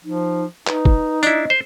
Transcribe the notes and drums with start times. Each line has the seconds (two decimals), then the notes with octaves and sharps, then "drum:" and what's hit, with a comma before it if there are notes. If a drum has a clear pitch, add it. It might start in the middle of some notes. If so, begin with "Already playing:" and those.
0.05 F3 D#4
0.67 D#4 B4, drum: clap
0.85 drum: kick
1.23 D4 E4 D#5, drum: tambourine
1.50 C5